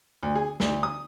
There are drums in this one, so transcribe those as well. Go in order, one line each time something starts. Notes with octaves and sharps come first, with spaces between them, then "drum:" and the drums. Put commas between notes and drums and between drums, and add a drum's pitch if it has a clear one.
D2
G#4
D2, drum: snare
D#6